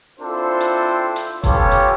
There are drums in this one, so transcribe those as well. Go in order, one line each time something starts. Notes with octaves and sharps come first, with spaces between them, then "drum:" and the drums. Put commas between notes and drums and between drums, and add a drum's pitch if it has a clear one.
C4 D4 E4 F4 A4 C5
drum: hi-hat
drum: hi-hat
B3 C#4 F4 G4 A4 C#5, drum: kick F1, hi-hat
drum: hi-hat